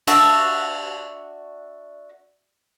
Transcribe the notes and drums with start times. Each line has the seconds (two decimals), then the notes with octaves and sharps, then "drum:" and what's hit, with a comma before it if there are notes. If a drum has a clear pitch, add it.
0.07 D4 F#4 E5, drum: cymbal